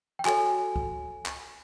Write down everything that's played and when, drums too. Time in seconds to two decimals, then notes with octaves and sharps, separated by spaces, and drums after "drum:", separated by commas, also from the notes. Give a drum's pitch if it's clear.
0.19 G5
0.25 F#4 A4 C#5 G#5, drum: clap
0.76 drum: kick
1.26 drum: clap